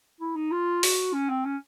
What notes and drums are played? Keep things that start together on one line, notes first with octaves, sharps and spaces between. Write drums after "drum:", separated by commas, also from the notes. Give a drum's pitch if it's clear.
E4
D#4
F4
F#4, drum: open hi-hat
C#4
C4
C#4